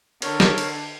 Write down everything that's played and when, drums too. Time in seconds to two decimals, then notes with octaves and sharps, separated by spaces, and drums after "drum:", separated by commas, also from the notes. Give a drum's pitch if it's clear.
0.22 D3 A#4 C#5, drum: cymbal
0.40 drum: snare
0.58 drum: cymbal